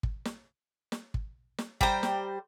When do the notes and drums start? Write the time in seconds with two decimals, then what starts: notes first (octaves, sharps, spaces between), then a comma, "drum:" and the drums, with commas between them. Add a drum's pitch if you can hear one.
0.03 drum: kick
0.25 drum: snare
0.92 drum: snare
1.14 drum: kick
1.58 drum: snare
1.81 G3 C5 G5 A#5, drum: kick
2.03 drum: snare